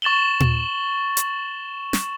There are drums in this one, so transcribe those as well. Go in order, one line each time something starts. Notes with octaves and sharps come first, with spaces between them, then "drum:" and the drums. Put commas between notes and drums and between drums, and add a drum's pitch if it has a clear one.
C#6 A6 E7 F#7 G7
drum: tom A#2
drum: hi-hat
drum: snare